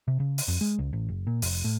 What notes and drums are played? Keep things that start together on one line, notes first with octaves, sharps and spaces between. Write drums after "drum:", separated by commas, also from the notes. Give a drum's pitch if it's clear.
C3
C#3
drum: open hi-hat
F2
G#3
C#2
A1
F#1
A#2
F1, drum: open hi-hat
A2